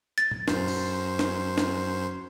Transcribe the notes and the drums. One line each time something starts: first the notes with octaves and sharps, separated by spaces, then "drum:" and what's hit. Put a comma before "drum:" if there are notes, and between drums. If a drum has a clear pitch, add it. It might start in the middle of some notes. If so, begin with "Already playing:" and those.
A6, drum: hi-hat
drum: tom
F#2 C5, drum: snare
drum: cymbal
drum: snare
drum: snare